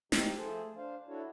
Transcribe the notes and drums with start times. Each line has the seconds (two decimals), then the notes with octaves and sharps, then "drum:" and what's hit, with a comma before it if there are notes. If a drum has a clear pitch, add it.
0.12 F3 G#3 D#4 G4, drum: snare
0.37 F3 A3 G#4 A4 C5
0.76 D4 C5 F5
1.07 D4 E4 F#4 A4 C#5